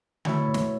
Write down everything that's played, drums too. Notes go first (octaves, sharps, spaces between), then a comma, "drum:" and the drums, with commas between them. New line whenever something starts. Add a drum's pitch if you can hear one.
B2 A3 E4 C#5, drum: tom D3
drum: snare